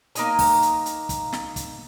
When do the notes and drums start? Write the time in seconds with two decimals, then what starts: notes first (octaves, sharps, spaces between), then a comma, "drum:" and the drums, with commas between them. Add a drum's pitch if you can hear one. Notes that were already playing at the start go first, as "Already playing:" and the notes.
0.15 A#3 D#4 G#5, drum: hi-hat
0.39 drum: kick, open hi-hat
0.62 drum: hi-hat
0.86 drum: hi-hat
1.09 drum: kick, hi-hat
1.33 drum: snare
1.56 drum: kick, hi-hat